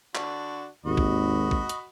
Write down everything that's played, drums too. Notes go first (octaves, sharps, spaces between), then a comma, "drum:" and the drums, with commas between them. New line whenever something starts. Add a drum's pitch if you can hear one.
D3 D4 F#4, drum: clap
G#1 D#2 F#4 D#5 B5
drum: kick
drum: kick
drum: hi-hat